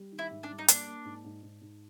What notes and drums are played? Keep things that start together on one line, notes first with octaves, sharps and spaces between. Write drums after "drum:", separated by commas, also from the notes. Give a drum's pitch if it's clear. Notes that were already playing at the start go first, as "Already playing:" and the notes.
Already playing: G3
D#3
E4
G#2
D4
G3
D#4
A#3 D4, drum: hi-hat
A#3
G#2
G#2
G#2
G#2